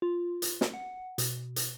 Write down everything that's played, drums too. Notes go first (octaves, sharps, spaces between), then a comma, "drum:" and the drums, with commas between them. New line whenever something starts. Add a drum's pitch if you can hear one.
F4
drum: hi-hat
drum: snare
F#5
B2, drum: hi-hat
drum: hi-hat